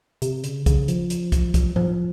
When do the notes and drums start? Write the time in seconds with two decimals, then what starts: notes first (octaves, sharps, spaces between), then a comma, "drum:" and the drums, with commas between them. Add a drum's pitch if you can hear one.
0.22 C3, drum: hi-hat
0.44 C#3, drum: hi-hat
0.66 C#3, drum: kick, hi-hat
0.88 F3, drum: hi-hat
1.10 drum: hi-hat
1.32 drum: kick, hi-hat
1.54 drum: kick, hi-hat
1.76 F3, drum: tom A2